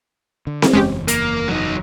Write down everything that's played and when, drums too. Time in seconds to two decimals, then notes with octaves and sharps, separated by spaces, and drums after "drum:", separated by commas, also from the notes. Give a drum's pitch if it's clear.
0.47 D3
0.62 drum: snare C4
0.73 F#1 E2 G#3 C#4 G4
1.08 A#3, drum: hi-hat
1.48 F#3 D#4